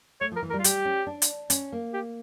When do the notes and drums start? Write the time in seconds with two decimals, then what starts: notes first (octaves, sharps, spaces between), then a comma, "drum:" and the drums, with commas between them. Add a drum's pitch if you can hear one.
0.21 A3 C#5
0.32 F3 A#4
0.43 E3
0.50 A#4
0.53 G3
0.59 F4
0.64 G3 G4, drum: hi-hat
0.85 C#4
1.07 D4
1.22 drum: hi-hat
1.50 C#4, drum: hi-hat
1.72 A#3
1.94 G4